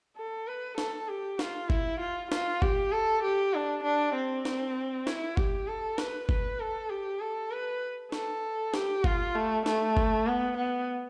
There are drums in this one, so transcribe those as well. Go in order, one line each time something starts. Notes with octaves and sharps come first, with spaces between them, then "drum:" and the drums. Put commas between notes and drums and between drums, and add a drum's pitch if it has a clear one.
A4
B4
A4, drum: snare
G4
F4, drum: snare
E4, drum: kick G1
F4
F4, drum: snare
G4, drum: kick G1
A4
G4
D4
D4
C4
drum: snare
E4, drum: snare
G4, drum: kick G1
A4
B4, drum: snare
B4, drum: kick G1
A4
G4
A4
B4
A4, drum: snare
G4, drum: snare
F4, drum: kick G1
A3
A3, drum: snare
drum: kick G1
B3
B3